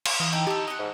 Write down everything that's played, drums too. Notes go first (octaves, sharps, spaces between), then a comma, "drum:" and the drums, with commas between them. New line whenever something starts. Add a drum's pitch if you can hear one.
drum: cymbal
E3 F4 D#5 F5
D#4 A4 G5
G4 A4 A5
D#5 F#5 F#6
G#2